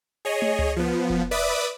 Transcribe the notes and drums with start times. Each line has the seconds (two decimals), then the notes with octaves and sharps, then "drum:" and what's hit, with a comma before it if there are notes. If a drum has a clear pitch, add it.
0.25 G#4 C#5 D#5
0.42 drum: tom
0.59 drum: tom C#2
0.77 F3 B3
1.10 drum: kick F1
1.31 B4 D5 E5 B5 D6 D#6